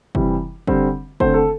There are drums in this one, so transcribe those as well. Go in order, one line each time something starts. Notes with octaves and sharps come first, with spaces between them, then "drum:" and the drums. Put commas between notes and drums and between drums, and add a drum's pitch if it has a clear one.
C3 E3 G3, drum: kick
D3 G3 C4, drum: kick
D3 A3 C4 C5, drum: kick
A4